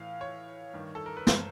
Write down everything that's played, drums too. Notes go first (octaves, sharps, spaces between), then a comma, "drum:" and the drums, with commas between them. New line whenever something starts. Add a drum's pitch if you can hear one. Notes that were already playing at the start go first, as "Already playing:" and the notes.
Already playing: A2 E3 F5
C#5
G2 D#3
A4
A#4
B4
C5, drum: snare